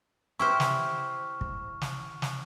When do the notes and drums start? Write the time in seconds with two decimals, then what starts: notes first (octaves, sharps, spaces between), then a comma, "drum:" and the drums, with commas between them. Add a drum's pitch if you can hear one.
0.39 E4 G4 C5 C#6 F6
0.60 drum: snare
1.41 drum: kick
1.82 drum: snare
2.22 drum: snare